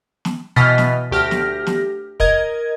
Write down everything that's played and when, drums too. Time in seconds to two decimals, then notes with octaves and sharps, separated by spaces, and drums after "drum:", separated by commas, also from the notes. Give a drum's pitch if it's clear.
0.25 drum: snare
0.56 B2 E3 D#5 F6 A6 B6
0.78 drum: snare
1.11 D2 G4 F6 A#6
1.31 drum: snare
1.67 drum: snare
2.20 A#4 D#5 G#6, drum: kick